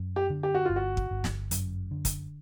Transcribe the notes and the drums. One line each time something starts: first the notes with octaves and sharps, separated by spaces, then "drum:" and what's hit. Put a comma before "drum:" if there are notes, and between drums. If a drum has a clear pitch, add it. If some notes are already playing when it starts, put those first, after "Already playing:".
Already playing: F#2
G4
D3
G4
F#4
G1 F4
F#4
drum: kick
G1
drum: snare
F#2, drum: hi-hat
D3
drum: kick, hi-hat